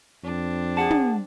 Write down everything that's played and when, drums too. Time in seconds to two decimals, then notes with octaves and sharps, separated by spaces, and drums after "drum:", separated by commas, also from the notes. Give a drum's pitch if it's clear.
0.24 F2 C4 D4
0.77 G#4 F#5 A5
0.90 drum: tom